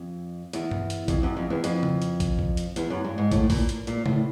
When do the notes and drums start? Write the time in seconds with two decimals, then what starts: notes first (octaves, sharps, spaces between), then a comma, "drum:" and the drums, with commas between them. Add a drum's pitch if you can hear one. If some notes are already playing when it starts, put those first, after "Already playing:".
Already playing: F2
0.53 E2, drum: hi-hat
0.71 drum: tom G2
0.90 drum: hi-hat
1.08 F2, drum: kick, hi-hat
1.23 F#2
1.37 F2
1.50 E2
1.64 F2, drum: hi-hat
1.83 drum: tom C#3
2.02 drum: hi-hat
2.20 drum: kick, hi-hat
2.39 drum: kick
2.57 drum: hi-hat
2.76 E2, drum: hi-hat
2.90 F#2
3.04 G2
3.18 G#2
3.32 A2, drum: kick, hi-hat
3.50 A#2, drum: kick, open hi-hat
3.69 drum: hi-hat
3.87 A#2, drum: hi-hat
4.06 A2, drum: tom C#3